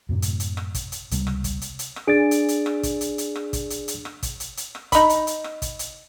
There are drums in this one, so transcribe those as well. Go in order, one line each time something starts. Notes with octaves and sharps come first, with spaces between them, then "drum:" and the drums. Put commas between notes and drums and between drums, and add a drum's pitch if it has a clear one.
F#2 A2 C3 A#3
drum: hi-hat
drum: hi-hat
drum: rim click
drum: kick, hi-hat
drum: hi-hat
C#2 C3 G3 A#3, drum: hi-hat
drum: rim click
drum: kick, hi-hat
drum: hi-hat
drum: hi-hat
drum: rim click
D4 G#4 D5 A6 D7
drum: hi-hat
drum: hi-hat
drum: rim click
drum: kick, hi-hat
drum: hi-hat
drum: hi-hat
drum: rim click
drum: kick, hi-hat
drum: hi-hat
drum: hi-hat
drum: rim click
drum: kick, hi-hat
drum: hi-hat
drum: hi-hat
drum: rim click
D#4 B5, drum: kick, hi-hat
drum: hi-hat
drum: hi-hat
drum: rim click
drum: kick, hi-hat
drum: hi-hat